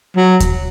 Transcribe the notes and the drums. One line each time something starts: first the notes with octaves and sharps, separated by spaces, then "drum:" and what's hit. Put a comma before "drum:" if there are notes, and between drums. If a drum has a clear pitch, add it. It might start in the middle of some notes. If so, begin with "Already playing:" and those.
F#3
drum: kick D#2, hi-hat